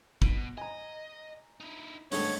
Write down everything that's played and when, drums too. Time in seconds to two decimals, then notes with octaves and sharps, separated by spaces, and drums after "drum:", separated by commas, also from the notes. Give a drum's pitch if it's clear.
0.22 B2, drum: kick
0.58 D#5 G#5 A#5
1.60 D#4 E4
2.12 G2 G#3 A3 B3 C#4 C#5, drum: open hi-hat